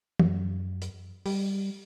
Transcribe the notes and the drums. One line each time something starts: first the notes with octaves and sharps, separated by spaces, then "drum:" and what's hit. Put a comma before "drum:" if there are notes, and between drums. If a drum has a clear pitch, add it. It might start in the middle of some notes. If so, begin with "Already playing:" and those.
F#2, drum: tom
drum: hi-hat
G3, drum: open hi-hat